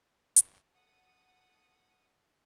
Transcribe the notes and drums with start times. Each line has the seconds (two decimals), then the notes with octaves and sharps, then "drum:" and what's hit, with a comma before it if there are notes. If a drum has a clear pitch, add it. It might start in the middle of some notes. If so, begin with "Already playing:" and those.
0.36 drum: hi-hat
0.74 A4 F#5 D#6